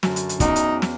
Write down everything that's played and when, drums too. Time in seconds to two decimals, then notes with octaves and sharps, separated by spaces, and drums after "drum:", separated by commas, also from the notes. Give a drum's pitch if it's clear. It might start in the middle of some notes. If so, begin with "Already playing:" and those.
0.03 F#2 D3, drum: snare
0.16 drum: hi-hat
0.29 drum: hi-hat
0.40 E2 C#4 D#4 E4, drum: kick, hi-hat
0.56 drum: hi-hat
0.82 drum: snare